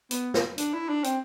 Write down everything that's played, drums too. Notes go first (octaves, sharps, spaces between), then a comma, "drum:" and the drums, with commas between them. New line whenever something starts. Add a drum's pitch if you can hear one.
B3, drum: hi-hat
drum: snare
D4, drum: hi-hat
E4
D4
C4, drum: hi-hat